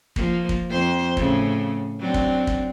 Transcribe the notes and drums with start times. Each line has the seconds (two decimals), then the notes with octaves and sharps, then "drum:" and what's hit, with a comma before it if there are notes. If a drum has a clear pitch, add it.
0.16 F3 A#3, drum: kick
0.49 drum: kick
0.69 F2 C5
1.17 A2 C#3, drum: kick
2.00 F#3 C4 D4
2.14 drum: kick
2.47 drum: kick